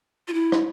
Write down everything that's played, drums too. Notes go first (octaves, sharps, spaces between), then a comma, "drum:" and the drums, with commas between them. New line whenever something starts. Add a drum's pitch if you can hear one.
F4
E4
drum: rim click